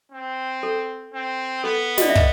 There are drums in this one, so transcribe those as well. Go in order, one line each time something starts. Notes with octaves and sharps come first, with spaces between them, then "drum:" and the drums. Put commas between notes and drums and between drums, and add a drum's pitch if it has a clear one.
C4
A4
C4
B3 A4
D#5, drum: snare
D5
E5
D#5, drum: kick